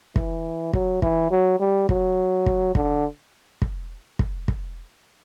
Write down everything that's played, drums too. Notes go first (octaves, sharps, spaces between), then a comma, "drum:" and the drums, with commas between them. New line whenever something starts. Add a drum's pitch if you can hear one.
E3, drum: kick
F#3, drum: kick
E3, drum: kick
F#3
G3
F#3, drum: kick
drum: kick
D3, drum: kick
drum: kick
drum: kick
drum: kick